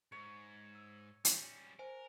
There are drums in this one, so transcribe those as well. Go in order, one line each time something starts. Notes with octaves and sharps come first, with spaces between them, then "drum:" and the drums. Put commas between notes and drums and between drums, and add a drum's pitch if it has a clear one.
G#2 C#5
E6
G3 C#4, drum: hi-hat
A#4 C5 G#5